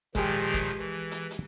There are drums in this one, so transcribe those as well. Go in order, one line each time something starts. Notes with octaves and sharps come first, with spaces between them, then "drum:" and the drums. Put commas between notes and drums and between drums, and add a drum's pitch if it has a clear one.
A#2 D#3 F3 G#3 G4, drum: kick G1, hi-hat
drum: kick G1, hi-hat
E3
drum: hi-hat
drum: hi-hat